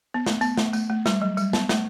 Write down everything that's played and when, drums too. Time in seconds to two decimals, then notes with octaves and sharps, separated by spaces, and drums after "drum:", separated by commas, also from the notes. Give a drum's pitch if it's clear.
0.14 B3
0.26 A3, drum: snare
0.41 B3, drum: tambourine
0.58 A3, drum: snare
0.73 A3, drum: tambourine
0.90 A3
1.06 G3, drum: snare
1.22 F#3
1.37 G3, drum: tambourine
1.53 B3, drum: snare
1.69 A3, drum: snare